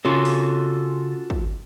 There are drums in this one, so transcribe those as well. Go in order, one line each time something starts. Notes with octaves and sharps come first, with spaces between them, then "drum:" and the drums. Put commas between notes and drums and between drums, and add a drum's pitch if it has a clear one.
C#3 C#4 F4 F#4 A4
drum: open hi-hat
drum: kick